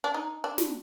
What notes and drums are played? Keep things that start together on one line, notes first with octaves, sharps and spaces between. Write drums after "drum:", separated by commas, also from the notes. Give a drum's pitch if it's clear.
D4
D#4
D4
drum: snare